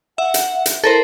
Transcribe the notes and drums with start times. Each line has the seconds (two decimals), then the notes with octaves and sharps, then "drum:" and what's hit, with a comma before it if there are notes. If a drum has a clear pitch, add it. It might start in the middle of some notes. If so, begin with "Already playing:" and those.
0.18 E5 F#5
0.34 drum: hi-hat
0.66 drum: hi-hat
0.84 E4 A4 A#4 C5